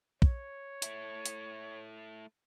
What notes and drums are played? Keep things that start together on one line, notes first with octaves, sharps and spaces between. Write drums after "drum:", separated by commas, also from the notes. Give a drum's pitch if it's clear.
C#5, drum: kick
A3 E4, drum: hi-hat
drum: hi-hat